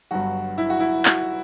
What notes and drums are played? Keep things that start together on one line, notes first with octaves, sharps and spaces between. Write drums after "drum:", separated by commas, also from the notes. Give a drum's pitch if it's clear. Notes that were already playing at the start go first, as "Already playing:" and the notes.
G1 G2 F#3 F#4
E4
F#4
E4
F#4, drum: clap